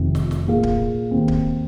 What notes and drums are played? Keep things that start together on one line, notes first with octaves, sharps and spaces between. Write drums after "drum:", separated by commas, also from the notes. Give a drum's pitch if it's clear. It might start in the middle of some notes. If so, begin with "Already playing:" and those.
Already playing: F1 F2 C3 D#3 C4
drum: snare
drum: snare
A#2 A#3 G#4 F5
drum: kick D1
D#2 D#3 C4
drum: kick D1